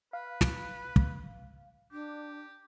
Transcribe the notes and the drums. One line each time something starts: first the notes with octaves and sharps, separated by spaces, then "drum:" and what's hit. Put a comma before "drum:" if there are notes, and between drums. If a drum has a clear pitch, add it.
B4 F5
drum: snare
drum: kick
D4 G4